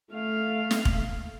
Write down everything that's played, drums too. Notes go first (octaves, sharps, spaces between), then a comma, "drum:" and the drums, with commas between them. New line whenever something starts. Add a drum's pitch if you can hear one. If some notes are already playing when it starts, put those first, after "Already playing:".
A3 F5
drum: snare
drum: kick